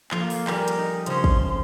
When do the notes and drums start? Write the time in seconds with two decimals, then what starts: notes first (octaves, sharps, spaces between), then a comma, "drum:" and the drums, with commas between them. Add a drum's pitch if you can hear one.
0.11 F3 A#3 F4 A4, drum: clap
0.30 drum: open hi-hat
0.47 G3 G4 A#4 G#5, drum: clap
0.68 drum: hi-hat
0.78 D#4 D#5
1.06 C#3 F3 C#4 C5 C6, drum: hi-hat
1.24 drum: kick
1.47 C6